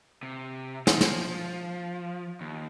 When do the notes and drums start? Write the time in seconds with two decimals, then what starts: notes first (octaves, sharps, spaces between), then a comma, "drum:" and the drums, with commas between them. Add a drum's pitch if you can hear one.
0.23 C3
0.87 F3, drum: snare
1.01 drum: snare
2.41 D#2